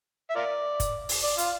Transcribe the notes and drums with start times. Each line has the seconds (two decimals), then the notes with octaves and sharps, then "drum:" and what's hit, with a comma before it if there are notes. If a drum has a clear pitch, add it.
0.30 E5
0.35 F4 A#4 D5
0.80 drum: kick F#1, hi-hat
1.09 drum: open hi-hat
1.24 D5
1.38 F4, drum: hi-hat